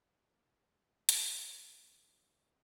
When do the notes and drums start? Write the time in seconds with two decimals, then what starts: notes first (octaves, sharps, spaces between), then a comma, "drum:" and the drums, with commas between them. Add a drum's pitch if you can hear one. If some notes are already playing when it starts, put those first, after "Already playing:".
Already playing: B2 F#3 B3 D#4
0.67 D#2 D#3 A#3 F4
1.09 drum: hi-hat
1.58 G#2 F3 G#3